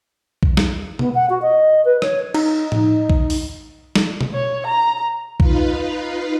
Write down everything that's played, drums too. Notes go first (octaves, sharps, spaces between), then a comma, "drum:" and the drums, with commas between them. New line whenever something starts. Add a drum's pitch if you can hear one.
drum: kick B1
drum: snare
B3, drum: tom B2
F#5
F#4
D#5
B4
C#5, drum: rim click
D#4, drum: cymbal
drum: tom A2
drum: kick B1
drum: open hi-hat
drum: snare
drum: tom B2
C#5
A#5
D#4 F4 B4 F5, drum: kick B1